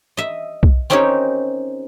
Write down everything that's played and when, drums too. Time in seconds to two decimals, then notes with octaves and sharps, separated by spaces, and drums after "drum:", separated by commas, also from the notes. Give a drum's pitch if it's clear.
0.17 D#5 E5
0.63 drum: kick B1
0.90 C4 C#4 D#4 G4 A#4 C#5